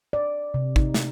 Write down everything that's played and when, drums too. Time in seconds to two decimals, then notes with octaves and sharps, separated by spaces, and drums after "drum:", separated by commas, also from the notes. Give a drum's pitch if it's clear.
0.13 D5
0.54 C3
0.76 D#4, drum: kick
0.94 drum: snare